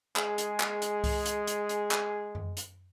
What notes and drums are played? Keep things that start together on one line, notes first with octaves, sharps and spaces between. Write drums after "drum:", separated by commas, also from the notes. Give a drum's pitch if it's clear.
G#3 G#4, drum: clap
drum: hi-hat
drum: clap
drum: hi-hat
drum: kick C2, open hi-hat
drum: hi-hat
drum: hi-hat
drum: hi-hat
drum: clap
drum: tom F#2
drum: hi-hat